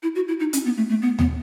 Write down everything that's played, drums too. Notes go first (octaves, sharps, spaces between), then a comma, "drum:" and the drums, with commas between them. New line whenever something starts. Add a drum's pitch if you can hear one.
E4
F#4
E4
D#4
C#4, drum: hi-hat
B3
A3
A3
B3
B3, drum: tom D#2